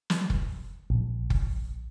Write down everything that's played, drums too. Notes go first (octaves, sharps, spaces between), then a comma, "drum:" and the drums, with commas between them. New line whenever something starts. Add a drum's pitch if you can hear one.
drum: snare
drum: kick F#1
A#1
drum: kick F#1